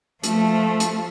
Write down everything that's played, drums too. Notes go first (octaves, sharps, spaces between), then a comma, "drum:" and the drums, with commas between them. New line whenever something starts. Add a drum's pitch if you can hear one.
F3 A3, drum: hi-hat
drum: hi-hat